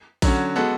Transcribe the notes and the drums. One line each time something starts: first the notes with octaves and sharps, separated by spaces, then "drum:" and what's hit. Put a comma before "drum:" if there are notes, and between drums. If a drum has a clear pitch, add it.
D3 F#3 C#4 F#4, drum: kick A#1, open hi-hat
G#3 B3 F#4 A4